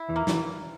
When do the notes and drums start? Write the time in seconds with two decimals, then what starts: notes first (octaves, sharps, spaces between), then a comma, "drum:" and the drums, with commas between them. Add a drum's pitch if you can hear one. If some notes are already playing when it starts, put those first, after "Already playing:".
Already playing: E4
0.09 E2 E3
0.16 A#3
0.27 E3, drum: snare